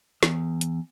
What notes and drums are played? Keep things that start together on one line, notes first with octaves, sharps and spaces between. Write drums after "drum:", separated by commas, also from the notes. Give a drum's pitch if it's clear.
E2, drum: snare
drum: hi-hat